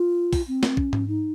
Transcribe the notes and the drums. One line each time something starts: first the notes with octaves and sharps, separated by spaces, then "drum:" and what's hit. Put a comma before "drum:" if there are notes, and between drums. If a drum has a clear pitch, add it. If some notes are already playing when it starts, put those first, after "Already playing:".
Already playing: F4
drum: kick, open hi-hat
C4
drum: snare
C#4, drum: kick
drum: tom G#2
D#4